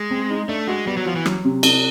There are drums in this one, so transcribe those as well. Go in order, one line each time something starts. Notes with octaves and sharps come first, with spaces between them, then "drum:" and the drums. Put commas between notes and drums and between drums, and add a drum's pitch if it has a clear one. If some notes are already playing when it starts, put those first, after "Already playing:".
Already playing: G#3
C4
D#4
A3 D4
G#3 F#4
G3 B3
F#3
F3 F#4
E3
F#3, drum: rim click
C3
C3, drum: cymbal